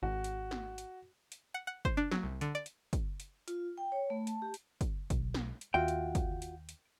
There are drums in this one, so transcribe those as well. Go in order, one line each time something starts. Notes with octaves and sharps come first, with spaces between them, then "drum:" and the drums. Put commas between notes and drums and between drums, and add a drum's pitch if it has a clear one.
G#1 F#4
drum: hi-hat
drum: snare
drum: hi-hat
drum: hi-hat
F#5
F#5
C5, drum: kick
D4
F#3, drum: snare
C2
D3, drum: hi-hat
D5
drum: hi-hat
drum: kick, hi-hat
drum: hi-hat
F4, drum: hi-hat
G5
C#5
A3
A5, drum: hi-hat
G4
drum: hi-hat
drum: kick, hi-hat
B1, drum: kick, hi-hat
drum: snare
drum: hi-hat
D#2 F4 F#4 E5 G5
drum: hi-hat
drum: kick, hi-hat
drum: hi-hat
drum: hi-hat